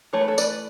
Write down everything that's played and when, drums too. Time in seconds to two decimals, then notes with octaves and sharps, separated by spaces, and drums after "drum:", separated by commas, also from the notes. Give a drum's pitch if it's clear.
0.13 E3 A3 C#5
0.21 B4
0.28 A4 C#5
0.38 B4 D5, drum: tambourine